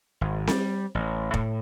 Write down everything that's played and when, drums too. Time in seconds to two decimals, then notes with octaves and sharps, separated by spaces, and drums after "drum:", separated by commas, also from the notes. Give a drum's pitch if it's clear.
0.21 G#1
0.47 G3, drum: snare C4
0.95 A1
1.34 A2, drum: kick F1